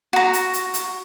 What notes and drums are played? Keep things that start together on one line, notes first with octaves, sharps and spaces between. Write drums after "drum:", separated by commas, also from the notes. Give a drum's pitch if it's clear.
F#4 A#5
drum: hi-hat
drum: hi-hat
drum: hi-hat